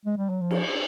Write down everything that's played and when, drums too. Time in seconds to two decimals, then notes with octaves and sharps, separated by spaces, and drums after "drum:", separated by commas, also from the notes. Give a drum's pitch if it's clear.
0.06 G#3
0.17 G3
0.30 F#3
0.41 F3
0.51 drum: cymbal